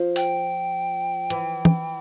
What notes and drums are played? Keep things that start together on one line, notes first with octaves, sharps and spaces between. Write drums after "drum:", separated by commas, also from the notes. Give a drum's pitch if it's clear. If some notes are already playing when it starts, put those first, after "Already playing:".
Already playing: F3
G5, drum: open hi-hat
E3, drum: hi-hat
drum: tom